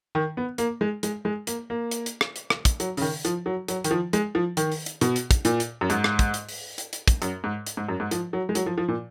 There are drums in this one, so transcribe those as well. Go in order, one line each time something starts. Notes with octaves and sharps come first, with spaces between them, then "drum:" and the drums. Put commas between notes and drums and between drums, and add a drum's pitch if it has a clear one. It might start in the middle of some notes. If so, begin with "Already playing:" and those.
D#3
B3
A#3, drum: hi-hat
G#3
G#3, drum: hi-hat
G#3
A#3, drum: hi-hat
A#3
drum: hi-hat
drum: hi-hat
drum: rim click
drum: hi-hat
drum: rim click
drum: kick, hi-hat
F#3, drum: hi-hat
C#3, drum: open hi-hat
D#3
F3, drum: hi-hat
F#3
F#3, drum: hi-hat
D#3, drum: hi-hat
F3
G#3, drum: hi-hat
F3
D#3, drum: hi-hat
drum: open hi-hat
drum: hi-hat
B2, drum: hi-hat
drum: hi-hat
drum: kick, hi-hat
A#2, drum: hi-hat
drum: hi-hat
F#2
G#2, drum: hi-hat
drum: rim click
drum: kick, hi-hat
drum: hi-hat
drum: open hi-hat
drum: hi-hat
drum: hi-hat
drum: kick, hi-hat
F#2, drum: hi-hat
G#2
drum: hi-hat
G#2
F#2
G#2
F3, drum: hi-hat
F#3
G#3
F#3, drum: hi-hat
F3
F3
A#2